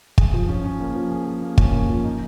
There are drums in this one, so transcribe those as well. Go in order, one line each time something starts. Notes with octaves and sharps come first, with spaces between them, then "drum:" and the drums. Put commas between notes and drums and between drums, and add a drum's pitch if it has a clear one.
G#4, drum: kick
F3
C#4
C#4
A#3
F3
G#4
G#4
A#3
C#4, drum: kick
A#3
F3
D#4